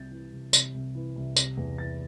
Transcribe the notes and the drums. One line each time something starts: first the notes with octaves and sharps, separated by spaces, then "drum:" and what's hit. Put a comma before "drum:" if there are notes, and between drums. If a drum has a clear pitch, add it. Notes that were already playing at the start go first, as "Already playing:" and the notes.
Already playing: C2 C3 G6 A6
E3
C2
C3, drum: tambourine
C2
E3
C2
C3 A#6, drum: tambourine
E2
E3 A6